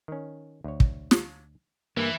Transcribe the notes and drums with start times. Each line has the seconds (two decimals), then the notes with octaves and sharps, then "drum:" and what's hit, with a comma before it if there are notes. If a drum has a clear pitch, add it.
0.08 D#3 C#4
0.64 D2 C#5
0.80 drum: kick
1.11 drum: snare
1.97 G2 E3 A#3